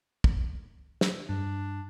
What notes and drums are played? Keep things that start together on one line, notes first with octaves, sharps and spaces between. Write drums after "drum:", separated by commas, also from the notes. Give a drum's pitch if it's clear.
drum: kick
drum: snare
G2 D4